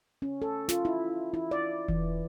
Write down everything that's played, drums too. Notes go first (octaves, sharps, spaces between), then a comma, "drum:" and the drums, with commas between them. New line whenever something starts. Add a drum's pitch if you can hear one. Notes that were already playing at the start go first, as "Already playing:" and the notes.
C#4
A4
F4, drum: snare
E4
E4
D5
E3, drum: kick E1